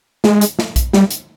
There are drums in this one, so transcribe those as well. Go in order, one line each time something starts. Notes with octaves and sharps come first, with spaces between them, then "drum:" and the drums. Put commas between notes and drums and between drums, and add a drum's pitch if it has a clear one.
G#3, drum: snare
drum: hi-hat
drum: snare
drum: kick A#1, hi-hat
G3, drum: snare
drum: hi-hat